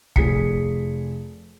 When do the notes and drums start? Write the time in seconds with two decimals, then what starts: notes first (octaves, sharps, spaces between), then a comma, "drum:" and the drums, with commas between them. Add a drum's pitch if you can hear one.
0.16 F1 G#4 B6 C#7, drum: kick